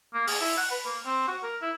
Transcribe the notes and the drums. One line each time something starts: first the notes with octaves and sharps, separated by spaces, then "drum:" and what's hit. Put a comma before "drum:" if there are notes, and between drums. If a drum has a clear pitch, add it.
A#3
G#4, drum: open hi-hat
E4
F#5
B4
A#3
C4
F#4
A#4
E4